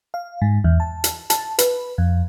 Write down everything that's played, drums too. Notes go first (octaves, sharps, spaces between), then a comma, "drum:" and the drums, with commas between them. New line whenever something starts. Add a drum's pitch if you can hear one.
F5
G#2
E2
A5
drum: hi-hat
A5, drum: hi-hat
B4, drum: hi-hat
F2